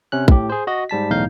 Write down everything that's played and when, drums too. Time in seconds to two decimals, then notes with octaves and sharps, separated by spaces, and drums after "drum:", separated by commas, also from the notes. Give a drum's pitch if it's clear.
0.12 C3 C#4 F#6
0.28 A2 G4, drum: kick
0.50 G#4 C5
0.67 F#4 D#5
0.89 G#2 G3 A5 B6
1.10 B1 E2 A2 D#4 F5 G6